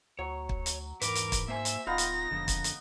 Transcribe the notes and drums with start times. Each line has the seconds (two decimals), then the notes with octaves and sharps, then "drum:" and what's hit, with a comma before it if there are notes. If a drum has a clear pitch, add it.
0.19 D2 F#3 C#5
0.49 drum: kick
0.66 drum: hi-hat
1.01 E2 G#2 A#4 B4 D6, drum: hi-hat
1.15 drum: hi-hat
1.32 drum: kick, hi-hat
1.48 G#2 A#3 C5 E5 G#5 E6
1.65 drum: hi-hat
1.87 D1 B3 D#4 F4 F5 A#6
1.98 drum: hi-hat
2.31 E1 F2 D3
2.48 drum: kick, hi-hat
2.64 drum: hi-hat